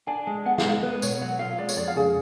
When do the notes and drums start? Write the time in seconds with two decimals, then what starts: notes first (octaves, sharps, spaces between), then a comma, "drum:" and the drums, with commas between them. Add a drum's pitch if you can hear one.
0.07 D4 G#5
0.27 G#3 G#5
0.46 B3 F#5
0.58 F5, drum: snare
0.65 G#3
0.83 B3 B4
1.02 B2 C#5, drum: tambourine
1.21 F#3 F#5
1.39 F4 F5
1.58 G#3 D5
1.69 C#5, drum: tambourine
1.77 F2 D5
1.87 F5
1.96 C#3 G#4